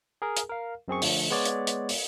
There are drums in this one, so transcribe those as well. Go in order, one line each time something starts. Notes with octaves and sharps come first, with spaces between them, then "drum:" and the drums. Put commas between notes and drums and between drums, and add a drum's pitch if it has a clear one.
G#4 A#4
drum: hi-hat
A#4 F5
F#2 C4 G#4 C#6
D3 F3 A3, drum: open hi-hat
G#3 B3 C#5 D5
drum: hi-hat
drum: hi-hat
drum: open hi-hat